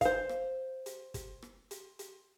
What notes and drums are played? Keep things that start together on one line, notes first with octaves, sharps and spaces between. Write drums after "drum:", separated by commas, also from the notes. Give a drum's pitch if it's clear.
C5 F5, drum: kick, hi-hat
drum: rim click
drum: hi-hat
drum: kick, hi-hat
drum: rim click
drum: hi-hat
drum: hi-hat